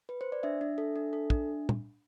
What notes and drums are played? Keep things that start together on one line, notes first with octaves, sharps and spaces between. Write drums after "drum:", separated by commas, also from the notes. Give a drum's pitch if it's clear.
B4
C5
D5
D4 E5
D4
A4
D4
A4
D4, drum: kick
drum: tom